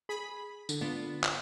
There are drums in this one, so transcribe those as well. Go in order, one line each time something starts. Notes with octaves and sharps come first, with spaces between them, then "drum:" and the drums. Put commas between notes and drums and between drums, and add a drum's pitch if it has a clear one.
G#4 B5
D3, drum: tambourine
B3 D4 F4
drum: clap